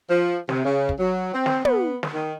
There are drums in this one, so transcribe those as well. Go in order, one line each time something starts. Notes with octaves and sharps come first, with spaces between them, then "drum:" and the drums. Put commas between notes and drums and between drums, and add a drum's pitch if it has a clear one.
F3
C3, drum: snare
C#3
drum: kick
F#3
C4
drum: snare
B3, drum: tom
drum: snare
D#3